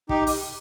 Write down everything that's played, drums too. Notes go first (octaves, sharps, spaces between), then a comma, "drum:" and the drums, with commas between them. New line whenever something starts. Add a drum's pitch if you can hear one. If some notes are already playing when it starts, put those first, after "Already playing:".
D#4 G4, drum: kick
drum: open hi-hat